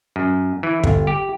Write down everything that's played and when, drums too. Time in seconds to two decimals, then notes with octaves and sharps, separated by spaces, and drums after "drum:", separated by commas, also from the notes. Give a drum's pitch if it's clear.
0.16 F#2
0.63 E3
0.84 G1, drum: kick
1.07 G4